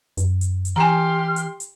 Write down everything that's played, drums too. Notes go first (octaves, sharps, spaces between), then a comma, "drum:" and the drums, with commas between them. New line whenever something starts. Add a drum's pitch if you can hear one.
F#2, drum: hi-hat
drum: hi-hat
drum: hi-hat
E3 G4 G#5 A#5 C6 F6
drum: hi-hat
drum: hi-hat